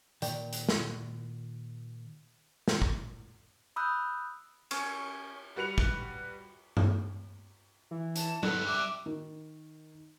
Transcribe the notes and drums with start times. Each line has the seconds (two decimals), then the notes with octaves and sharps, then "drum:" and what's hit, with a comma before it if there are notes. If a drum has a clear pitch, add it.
0.22 A#2 D#3 D5 G5, drum: hi-hat
0.53 drum: hi-hat
0.69 drum: snare
2.68 drum: snare
2.82 drum: kick
3.76 B5 D#6 E6 F#6 G6
4.71 C#4, drum: cymbal
5.56 G3 F#4 B4 C#7 F7
5.78 drum: kick
6.77 drum: tom G2
7.91 E3
8.16 A5, drum: hi-hat
8.43 G2 B3 A4 F#6, drum: tom F#3
8.66 G3 E5 D6
9.06 D#3